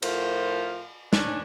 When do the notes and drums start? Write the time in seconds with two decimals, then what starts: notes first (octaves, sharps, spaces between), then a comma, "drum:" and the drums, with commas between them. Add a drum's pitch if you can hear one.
0.02 A2 F3 A3 F4 A#4 C5, drum: cymbal
1.13 C#4 D4, drum: snare